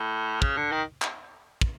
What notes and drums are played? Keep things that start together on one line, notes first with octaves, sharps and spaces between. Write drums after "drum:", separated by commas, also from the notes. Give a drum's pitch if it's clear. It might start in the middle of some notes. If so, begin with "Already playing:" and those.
Already playing: A2
C#3, drum: kick
D3
D#3
drum: clap
drum: kick